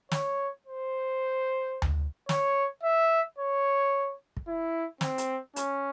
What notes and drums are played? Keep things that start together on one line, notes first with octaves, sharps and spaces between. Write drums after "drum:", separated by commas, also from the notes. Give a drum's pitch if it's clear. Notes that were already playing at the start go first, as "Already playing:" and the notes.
C#5, drum: snare
C5
drum: tom D2
C#5, drum: snare
E5
C#5
drum: kick
E4
C4, drum: snare
drum: hi-hat
C#4, drum: hi-hat